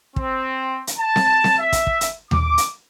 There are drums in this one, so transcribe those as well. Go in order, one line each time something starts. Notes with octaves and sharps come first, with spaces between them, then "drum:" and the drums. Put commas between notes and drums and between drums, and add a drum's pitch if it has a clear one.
C4, drum: kick
drum: hi-hat
A5
drum: snare C4
drum: snare C4
E5
drum: kick, hi-hat
drum: kick
drum: hi-hat
D6, drum: tom D#2
drum: hi-hat